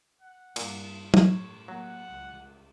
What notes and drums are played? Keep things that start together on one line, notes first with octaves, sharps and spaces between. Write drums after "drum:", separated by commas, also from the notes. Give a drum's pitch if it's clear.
F#5
G2 A#2, drum: cymbal
A2 C#5, drum: tom
F#3 A#3 F#5
C#2